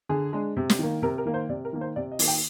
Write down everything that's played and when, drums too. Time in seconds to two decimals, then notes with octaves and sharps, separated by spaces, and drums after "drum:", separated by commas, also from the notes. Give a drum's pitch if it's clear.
0.09 D3 G#4
0.33 G#3 D4
0.57 C3
0.70 drum: snare
0.79 D#3 A#3
1.02 C3 A#4
1.18 A#4
1.26 D#3 A#3
1.34 C5
1.49 C3 D5
1.65 A#4
1.73 D#3 A#3
1.81 C5
1.96 C3 D5
2.12 D#5
2.19 D#3 A#3, drum: open hi-hat
2.28 G5